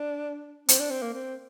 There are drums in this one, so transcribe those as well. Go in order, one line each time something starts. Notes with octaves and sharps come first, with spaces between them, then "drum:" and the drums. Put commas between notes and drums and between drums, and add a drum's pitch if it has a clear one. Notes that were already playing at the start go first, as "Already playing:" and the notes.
Already playing: D4
C4, drum: hi-hat
D4
C4
A#3
C4